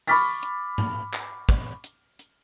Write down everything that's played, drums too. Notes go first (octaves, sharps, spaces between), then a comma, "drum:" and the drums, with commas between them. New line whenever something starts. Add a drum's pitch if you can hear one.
B5 C#6 D6 F6 A6 B6, drum: open hi-hat
drum: hi-hat
drum: tom G#2
drum: clap
drum: kick, hi-hat
drum: hi-hat
drum: hi-hat